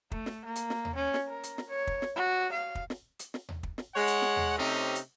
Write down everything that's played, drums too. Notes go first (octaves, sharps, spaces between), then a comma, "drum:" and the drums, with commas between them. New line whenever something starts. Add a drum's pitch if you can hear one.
A3, drum: kick
drum: snare
A#3
drum: hi-hat
drum: snare
drum: tom D#2
C#4
drum: snare
A#4
drum: hi-hat
drum: snare
C#5
drum: kick
drum: snare
F#4
F5
drum: kick
drum: snare
drum: hi-hat
drum: snare
drum: tom D#2
drum: kick
drum: snare
G#3 C#5 F#5
drum: hi-hat
drum: snare
drum: tom D#2
C3 A3 C4 C#4 D#4 G4
drum: hi-hat